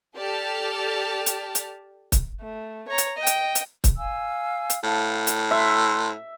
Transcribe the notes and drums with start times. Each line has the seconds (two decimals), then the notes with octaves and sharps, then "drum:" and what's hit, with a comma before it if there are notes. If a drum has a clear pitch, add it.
0.17 G4 A4 D5 A5 F6
1.26 drum: hi-hat
1.55 drum: hi-hat
2.12 drum: kick C#1, hi-hat
2.41 A3
2.88 C#5 A#5
2.98 drum: hi-hat
3.17 D#5 G5
3.27 drum: hi-hat
3.55 drum: hi-hat
3.84 drum: kick C#1, hi-hat
3.97 F5 G#5 E6
4.70 drum: hi-hat
4.83 A2 F5 A5
5.27 drum: hi-hat
5.51 E5 A#5 C6 F#6